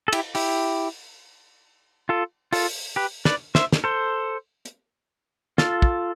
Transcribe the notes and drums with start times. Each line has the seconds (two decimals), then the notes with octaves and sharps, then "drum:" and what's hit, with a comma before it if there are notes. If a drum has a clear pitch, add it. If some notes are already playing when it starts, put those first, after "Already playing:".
0.08 A4
0.13 E4 G4, drum: cymbal
0.35 E4 G4, drum: open hi-hat
2.09 F4 A4
2.53 F4 A4, drum: open hi-hat
2.96 G4 B4
3.25 B4 D5, drum: snare
3.55 C5 E5, drum: snare
3.72 drum: snare
3.84 A4 C5
4.66 drum: hi-hat
5.58 F4 A4, drum: snare
5.82 drum: kick